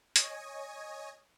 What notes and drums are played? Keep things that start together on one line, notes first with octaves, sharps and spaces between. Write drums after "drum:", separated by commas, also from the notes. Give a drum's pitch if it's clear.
C#5 D#5 G#5, drum: hi-hat